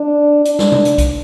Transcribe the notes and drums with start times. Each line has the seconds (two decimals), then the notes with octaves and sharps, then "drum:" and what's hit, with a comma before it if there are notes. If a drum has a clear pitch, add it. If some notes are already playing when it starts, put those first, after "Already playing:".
Already playing: D4
0.45 D4, drum: hi-hat
0.59 drum: snare
0.72 drum: tom C3
0.85 drum: hi-hat
0.98 drum: kick, hi-hat